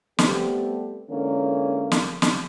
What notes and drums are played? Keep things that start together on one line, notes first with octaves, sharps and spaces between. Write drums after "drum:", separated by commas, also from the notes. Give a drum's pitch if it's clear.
G3 A3 B3 C4 G4 A4, drum: snare
D3 E3 G#3 A#3 C#4
drum: snare
drum: snare